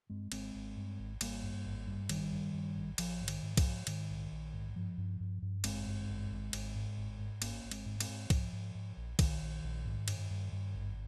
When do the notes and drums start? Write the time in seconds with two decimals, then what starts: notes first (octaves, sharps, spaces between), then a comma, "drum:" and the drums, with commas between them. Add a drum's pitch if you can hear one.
0.10 G2 G#3 C4
0.32 G#1 G#3 C4, drum: cymbal
0.54 G#1
0.77 G2
0.99 G#1
1.21 G#1 G3 A#3, drum: cymbal
1.43 G2
1.65 G#1
1.87 G2
2.09 G#1 D#3 G3, drum: cymbal
2.31 G2
2.54 G2
2.76 G#1
2.98 A#1 F3, drum: cymbal
3.21 G#2
3.28 D#3, drum: cymbal
3.42 G#2
3.57 F3, drum: kick, cymbal
3.65 G#2
3.87 G#2 D#3, drum: cymbal
4.09 A#1
4.31 A#1
4.53 G#2
4.75 G2 F3
4.98 G2
5.20 G2
5.42 G2
5.64 G#1 G#3 C4, drum: cymbal
5.87 G2
6.09 G#1
6.30 G#1
6.53 G#1, drum: cymbal
6.75 G#2
6.97 G#1
7.19 G#2
7.42 G#1 A#3 C#4, drum: cymbal
7.64 G#1
7.71 G#3 C4, drum: cymbal
7.86 G#2
8.00 G#3 C4, drum: cymbal
8.08 G#2
8.30 G#2 F3, drum: kick, cymbal
8.53 G#2
8.75 G#2
8.97 A#1
9.19 A#1 D#3, drum: kick, cymbal
9.41 A#1
9.63 A#1
9.86 G#2
10.08 G2, drum: cymbal
10.30 G2
10.52 G2
10.74 G#1